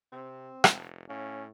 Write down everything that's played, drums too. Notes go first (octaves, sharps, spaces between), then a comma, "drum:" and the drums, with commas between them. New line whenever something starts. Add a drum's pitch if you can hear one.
C3 C4
F1, drum: rim click
A2 C#4 F5